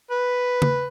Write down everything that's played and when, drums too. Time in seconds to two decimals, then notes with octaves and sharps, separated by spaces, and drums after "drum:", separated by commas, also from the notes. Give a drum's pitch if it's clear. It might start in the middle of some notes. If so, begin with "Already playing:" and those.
0.11 B4
0.62 drum: tom C#3